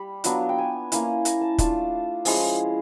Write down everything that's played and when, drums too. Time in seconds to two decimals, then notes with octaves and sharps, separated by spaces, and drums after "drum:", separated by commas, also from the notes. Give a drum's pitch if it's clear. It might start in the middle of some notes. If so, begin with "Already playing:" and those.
Already playing: G3 B5
0.24 F#3 B3 D4 F4, drum: hi-hat
0.49 G5
0.58 G#5
0.92 A#3 C#4 E4, drum: hi-hat
1.25 A#5, drum: hi-hat
1.41 A5
1.58 A3 D4 F4 A5, drum: kick, hi-hat
2.25 F3 G#3 C#4 E4, drum: open hi-hat